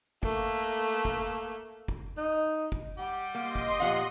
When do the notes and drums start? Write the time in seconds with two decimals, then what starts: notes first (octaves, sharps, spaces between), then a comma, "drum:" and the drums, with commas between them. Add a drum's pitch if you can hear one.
0.23 A3 A#3, drum: kick
1.05 drum: kick
1.88 drum: kick
2.17 D#4
2.72 drum: kick
2.98 G3 G4 F#5
3.35 A#3 D#5 C6
3.55 drum: kick
3.80 A#2 F3 G4 F5 F#5